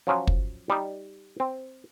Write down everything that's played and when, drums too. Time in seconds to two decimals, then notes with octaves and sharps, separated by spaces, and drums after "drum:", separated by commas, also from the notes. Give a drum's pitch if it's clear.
0.07 F3 F#3 C#4 F4
0.27 drum: kick
0.70 G3 D#4
1.40 C4